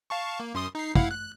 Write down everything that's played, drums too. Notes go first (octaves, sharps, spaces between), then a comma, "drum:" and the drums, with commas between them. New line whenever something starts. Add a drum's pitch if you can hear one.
F5 A5 C#6
A#3
F#2 C6 D#6
D#4 C7
E4 F5 F#5, drum: kick
F#6